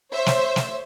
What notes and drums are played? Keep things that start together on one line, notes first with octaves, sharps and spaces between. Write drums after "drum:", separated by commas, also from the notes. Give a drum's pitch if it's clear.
C5 C#5 E5
drum: snare
drum: snare